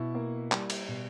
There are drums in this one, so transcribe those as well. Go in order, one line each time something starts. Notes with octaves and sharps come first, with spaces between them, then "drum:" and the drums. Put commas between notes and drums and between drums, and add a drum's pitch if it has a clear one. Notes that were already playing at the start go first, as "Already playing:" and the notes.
Already playing: B2 E4
A#3
G3, drum: clap
drum: cymbal
B2